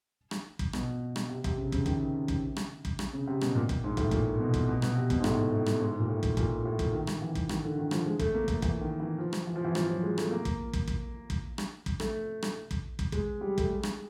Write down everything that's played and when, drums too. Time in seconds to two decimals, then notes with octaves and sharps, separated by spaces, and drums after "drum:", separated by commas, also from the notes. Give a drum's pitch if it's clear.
0.31 drum: rim click
0.59 drum: kick
0.73 B2, drum: rim click
1.16 drum: rim click
1.29 C3
1.44 C3, drum: kick
1.58 C#3
1.72 C#3, drum: kick
1.86 D#3, drum: kick
2.28 drum: kick
2.56 drum: rim click
2.85 drum: kick
2.99 drum: rim click
3.13 C#3
3.27 C3
3.41 B2, drum: rim click
3.55 A#2
3.69 drum: kick
3.84 G#2
3.97 A2, drum: kick
4.11 A#2, drum: kick
4.40 B2
4.54 drum: kick
4.68 B2
4.82 B2, drum: rim click
4.95 C3
5.10 B2, drum: kick
5.20 G#2
5.24 A2, drum: rim click
5.52 A2
5.66 drum: rim click
5.80 G#2
6.00 A#2
6.08 A2
6.23 drum: kick
6.37 A#2, drum: kick
6.65 A2
6.79 drum: kick
6.93 D#3
7.07 drum: rim click
7.22 E3
7.35 drum: kick
7.49 D#3, drum: rim click
7.64 D3
7.78 D#3
7.91 F3, drum: rim click
8.06 G#3
8.19 A3, drum: kick
8.34 A#3
8.48 A3, drum: kick
8.62 E3, drum: kick
8.81 D#3
9.00 E3
9.18 F3
9.33 drum: rim click
9.47 E3
9.56 F3
9.65 E3
9.75 F3, drum: rim click
9.89 F#3
10.03 G#3
10.18 A3, drum: rim click
10.31 A#3
10.45 drum: kick
10.73 drum: kick
10.88 drum: kick
11.30 drum: kick
11.58 drum: rim click
11.86 drum: kick
12.00 A3, drum: rim click
12.42 drum: rim click
12.71 drum: kick
12.99 drum: kick
13.12 G#3, drum: kick
13.41 G3
13.58 A3, drum: kick
13.70 G#3
13.83 drum: rim click